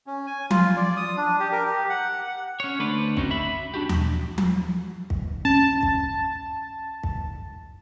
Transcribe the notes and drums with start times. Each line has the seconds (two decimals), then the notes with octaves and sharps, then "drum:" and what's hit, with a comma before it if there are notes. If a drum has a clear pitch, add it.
0.07 C#4
0.27 G#5
0.51 F4, drum: tom F3
0.76 D5
0.97 D#6
1.17 D4
1.39 G4
1.52 A#4
1.66 G4
1.89 F#5
2.27 F#5
2.60 C#4 C#5
2.79 D2 A3 D4 B4 C5 D5
3.17 C4 C#4 D#4 F#4, drum: kick
3.31 E5 B5
3.74 B3 D4 F#4 G4
3.89 drum: tom D#2
4.38 drum: tom F3
5.10 drum: kick
5.45 C#4 A5
5.83 drum: kick
7.03 drum: kick